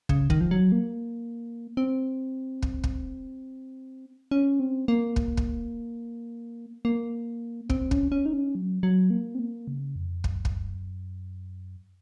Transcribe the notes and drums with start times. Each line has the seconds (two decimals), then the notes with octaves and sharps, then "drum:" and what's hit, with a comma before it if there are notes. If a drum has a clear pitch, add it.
0.09 C#3, drum: kick
0.30 D#3, drum: kick
0.41 F3
0.51 F#3
0.72 A#3
1.77 C4
2.62 drum: kick
2.84 drum: kick
4.31 C#4
4.60 C4
4.88 A#3
5.16 drum: kick
5.37 drum: kick
6.85 A#3
7.70 C4, drum: kick
7.91 C#4, drum: kick
8.12 C#4
8.26 D#4
8.33 C#4
8.55 F#3
8.83 F#3
9.10 A#3
9.35 C4
9.39 A#3
9.67 C#3
9.96 F2
10.24 F#2, drum: kick
10.45 drum: kick